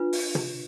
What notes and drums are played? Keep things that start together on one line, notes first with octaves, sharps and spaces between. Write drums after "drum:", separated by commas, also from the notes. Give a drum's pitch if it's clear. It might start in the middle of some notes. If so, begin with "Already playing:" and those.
Already playing: D4 F4 B4
drum: open hi-hat
drum: tom